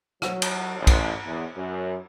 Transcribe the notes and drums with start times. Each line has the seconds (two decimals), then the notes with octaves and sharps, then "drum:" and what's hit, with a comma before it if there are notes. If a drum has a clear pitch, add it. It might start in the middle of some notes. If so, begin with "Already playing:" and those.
0.22 F#3, drum: rim click
0.42 drum: cymbal
0.78 A1
0.87 drum: kick, cymbal
1.25 E2
1.55 F#2